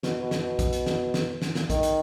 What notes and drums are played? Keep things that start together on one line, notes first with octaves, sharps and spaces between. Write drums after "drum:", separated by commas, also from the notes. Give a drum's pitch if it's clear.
B2, drum: snare
B2
drum: snare
B2
drum: kick A#1, hi-hat
drum: hi-hat
drum: snare
drum: snare
drum: snare
drum: snare
D#3, drum: kick A#1, hi-hat
drum: hi-hat